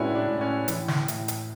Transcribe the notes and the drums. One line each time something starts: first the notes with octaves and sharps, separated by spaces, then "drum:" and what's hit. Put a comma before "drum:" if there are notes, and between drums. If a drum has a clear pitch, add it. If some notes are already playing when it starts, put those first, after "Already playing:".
Already playing: A2 G#3 C#4 D4 E4 F#4 B4
D4
A2
C#4
E3, drum: hi-hat
drum: snare
A2, drum: hi-hat
drum: hi-hat